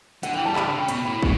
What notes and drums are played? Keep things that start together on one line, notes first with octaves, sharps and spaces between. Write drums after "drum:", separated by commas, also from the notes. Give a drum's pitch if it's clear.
D3 F#5, drum: hi-hat
E3 G5
G3 A5
D3 B5, drum: clap
D3 B5
C#3 G5
B2 B5, drum: hi-hat
A2 B5
A2, drum: kick